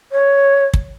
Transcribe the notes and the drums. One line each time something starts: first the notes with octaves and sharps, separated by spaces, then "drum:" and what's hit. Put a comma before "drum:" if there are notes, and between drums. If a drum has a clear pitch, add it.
C#5
drum: kick